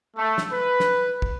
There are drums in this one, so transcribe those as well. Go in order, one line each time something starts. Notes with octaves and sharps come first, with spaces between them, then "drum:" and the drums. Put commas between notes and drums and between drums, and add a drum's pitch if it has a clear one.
A3
drum: snare
B4
drum: snare
drum: kick